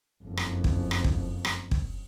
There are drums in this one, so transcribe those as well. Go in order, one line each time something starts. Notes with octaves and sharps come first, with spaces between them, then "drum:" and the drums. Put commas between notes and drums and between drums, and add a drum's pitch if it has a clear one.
F#1 F2
drum: rim click
drum: kick
drum: rim click
drum: kick
drum: rim click
drum: kick